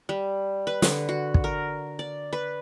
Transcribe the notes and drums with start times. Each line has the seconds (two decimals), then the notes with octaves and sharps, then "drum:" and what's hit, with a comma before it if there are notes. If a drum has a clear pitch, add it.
0.09 G3
0.67 B4
0.82 D3, drum: snare
1.09 F#4
1.34 drum: kick
1.44 A#4
1.99 D5
2.33 B4